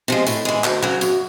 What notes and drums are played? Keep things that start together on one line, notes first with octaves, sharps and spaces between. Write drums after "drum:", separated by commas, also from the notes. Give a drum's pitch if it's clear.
C3 F3 G#3
A2, drum: tambourine
E3 G#3
D2, drum: clap
C#3 F#3
F#2, drum: tambourine